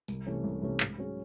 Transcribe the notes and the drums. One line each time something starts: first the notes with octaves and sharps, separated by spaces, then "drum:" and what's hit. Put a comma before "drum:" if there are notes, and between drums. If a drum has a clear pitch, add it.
C2, drum: tambourine
C3 E3 A3 C#4
C2
C3 E3 A3 C#4
G#2, drum: clap
F#3 C#4 G#4